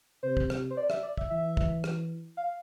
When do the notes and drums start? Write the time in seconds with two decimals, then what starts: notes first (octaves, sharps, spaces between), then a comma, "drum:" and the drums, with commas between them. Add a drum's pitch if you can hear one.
0.23 C3 C5
0.37 drum: kick
0.50 drum: rim click
0.70 C5
0.77 D5
0.90 E5, drum: rim click
1.03 D5
1.17 E5, drum: kick
1.30 E3 E5
1.57 drum: kick
1.84 drum: rim click
2.37 F5